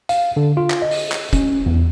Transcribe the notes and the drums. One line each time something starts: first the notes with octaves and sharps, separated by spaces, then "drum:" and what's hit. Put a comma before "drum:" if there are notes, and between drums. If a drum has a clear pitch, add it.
F5, drum: hi-hat
D3
F4
drum: clap
D#5
drum: open hi-hat
drum: clap
C#4, drum: kick, hi-hat
E2